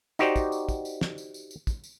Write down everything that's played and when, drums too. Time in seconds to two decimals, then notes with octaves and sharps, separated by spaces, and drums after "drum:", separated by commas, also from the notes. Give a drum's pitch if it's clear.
0.19 D#4 F#4 G4 C5 D5, drum: tambourine
0.36 drum: kick, tambourine
0.52 drum: tambourine
0.69 drum: kick, tambourine
0.85 drum: tambourine
1.01 drum: snare
1.18 drum: tambourine
1.34 drum: tambourine
1.51 drum: tambourine
1.67 drum: kick, tambourine
1.84 drum: tambourine